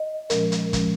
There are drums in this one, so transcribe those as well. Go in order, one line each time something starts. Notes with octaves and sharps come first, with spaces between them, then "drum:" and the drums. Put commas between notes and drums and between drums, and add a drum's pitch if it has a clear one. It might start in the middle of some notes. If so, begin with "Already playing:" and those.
Already playing: D#5
A#2 F3 G#3 C#4 A#4, drum: hi-hat
drum: hi-hat
A#2 F3 G#3 C#4, drum: kick, hi-hat